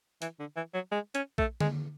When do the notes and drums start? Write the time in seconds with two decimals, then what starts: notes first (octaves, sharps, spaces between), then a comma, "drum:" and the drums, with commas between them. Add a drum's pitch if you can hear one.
0.22 E3, drum: hi-hat
0.40 D3
0.56 E3
0.74 F#3
0.92 G#3
1.15 C#4, drum: hi-hat
1.38 A3, drum: kick A#1
1.61 G#3, drum: tom D3